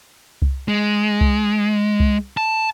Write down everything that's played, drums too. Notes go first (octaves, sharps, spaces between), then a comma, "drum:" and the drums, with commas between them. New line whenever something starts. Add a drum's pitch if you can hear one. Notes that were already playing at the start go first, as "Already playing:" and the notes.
drum: kick C2
G#3
drum: kick C2
drum: kick C2
A5